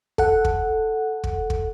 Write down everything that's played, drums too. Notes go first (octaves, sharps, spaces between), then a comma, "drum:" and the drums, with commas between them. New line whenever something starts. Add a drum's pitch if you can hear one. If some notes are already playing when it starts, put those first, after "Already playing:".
A4 F#5, drum: kick
drum: kick
drum: kick
drum: kick